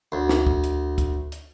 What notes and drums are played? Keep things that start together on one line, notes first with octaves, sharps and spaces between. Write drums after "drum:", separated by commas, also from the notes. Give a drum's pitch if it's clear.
D2
drum: snare
drum: kick
drum: hi-hat
drum: kick, hi-hat
drum: hi-hat